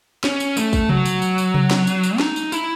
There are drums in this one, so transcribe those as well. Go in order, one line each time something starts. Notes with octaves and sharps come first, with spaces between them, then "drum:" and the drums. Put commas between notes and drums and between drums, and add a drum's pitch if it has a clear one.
C#4, drum: snare
drum: tambourine
A3, drum: tambourine
drum: kick, tambourine
F#3, drum: tom C3
drum: tambourine
drum: tambourine
drum: tambourine
drum: tom C3
drum: snare
drum: tambourine
drum: tambourine
D#4, drum: snare
drum: tambourine
E4, drum: tambourine